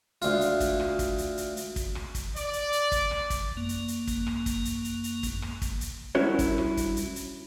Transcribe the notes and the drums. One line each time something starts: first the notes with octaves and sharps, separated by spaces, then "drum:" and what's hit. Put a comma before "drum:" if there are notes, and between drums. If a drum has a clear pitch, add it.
D2 F4, drum: hi-hat
drum: hi-hat
drum: kick, hi-hat
drum: rim click
drum: kick, hi-hat
drum: hi-hat
drum: hi-hat
drum: hi-hat
drum: kick, hi-hat
drum: rim click
drum: kick, hi-hat
D5, drum: hi-hat
drum: hi-hat
drum: hi-hat
drum: kick, hi-hat
drum: rim click
drum: kick, hi-hat
F#2 A#3
drum: hi-hat
drum: hi-hat
drum: kick, hi-hat
drum: rim click
drum: kick, hi-hat
drum: hi-hat
drum: hi-hat
drum: hi-hat
drum: kick, hi-hat
drum: rim click
drum: kick, hi-hat
drum: hi-hat
G2 C#4 E4 F#4 A#4 C#5
drum: kick, hi-hat
drum: rim click
drum: kick, hi-hat
drum: hi-hat
drum: hi-hat